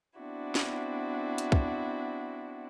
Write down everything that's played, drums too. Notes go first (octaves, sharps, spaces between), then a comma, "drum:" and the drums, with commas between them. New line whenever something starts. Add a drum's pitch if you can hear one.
B3 C4 D4 E4 F#4
drum: snare
drum: hi-hat
drum: kick